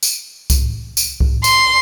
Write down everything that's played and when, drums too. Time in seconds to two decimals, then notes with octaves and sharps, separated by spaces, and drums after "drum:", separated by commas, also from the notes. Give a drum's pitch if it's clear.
0.03 drum: tambourine
0.50 drum: kick C2, tambourine
0.97 drum: tambourine
1.20 drum: kick C2
1.44 C6, drum: tambourine